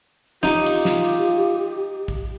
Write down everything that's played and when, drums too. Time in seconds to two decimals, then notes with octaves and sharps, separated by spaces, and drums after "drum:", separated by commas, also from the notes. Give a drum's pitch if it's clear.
0.43 D#4 F4 G4, drum: snare
0.66 drum: cymbal
0.85 drum: snare
2.08 drum: kick